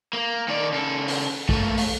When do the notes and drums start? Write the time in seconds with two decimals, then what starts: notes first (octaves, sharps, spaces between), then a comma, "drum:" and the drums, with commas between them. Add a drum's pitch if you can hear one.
0.13 A#3
0.48 D#3 D5
0.72 C#3 A4
1.08 drum: open hi-hat
1.49 A3 A#3, drum: kick
1.78 drum: open hi-hat